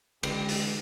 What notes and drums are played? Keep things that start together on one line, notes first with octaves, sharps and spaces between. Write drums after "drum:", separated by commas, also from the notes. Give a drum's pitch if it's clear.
C#2 D3 E3 G#3 G4, drum: cymbal
drum: open hi-hat